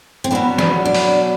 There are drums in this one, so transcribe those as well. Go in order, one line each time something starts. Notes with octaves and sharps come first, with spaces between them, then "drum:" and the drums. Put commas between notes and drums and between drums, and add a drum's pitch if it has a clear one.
C4
B2 F#3 B3 D4
D4, drum: snare
D4
drum: open hi-hat